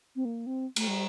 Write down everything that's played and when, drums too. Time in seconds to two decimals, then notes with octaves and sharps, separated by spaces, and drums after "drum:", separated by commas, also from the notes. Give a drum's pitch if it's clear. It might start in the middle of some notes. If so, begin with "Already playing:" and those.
0.16 C4
0.25 A#3
0.47 C4
0.76 A3, drum: cymbal
0.88 G3